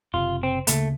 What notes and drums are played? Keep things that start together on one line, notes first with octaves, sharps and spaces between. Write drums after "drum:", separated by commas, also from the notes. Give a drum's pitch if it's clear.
F#1 C3 F4
C4
D2 C#3 A3 A#3, drum: hi-hat